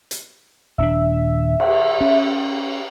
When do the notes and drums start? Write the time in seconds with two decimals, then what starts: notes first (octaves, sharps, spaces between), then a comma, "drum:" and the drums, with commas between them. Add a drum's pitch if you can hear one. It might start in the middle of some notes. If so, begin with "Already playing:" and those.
0.11 drum: hi-hat
0.78 D#1 C#4 D4 E5
1.60 drum: cymbal
2.01 C#4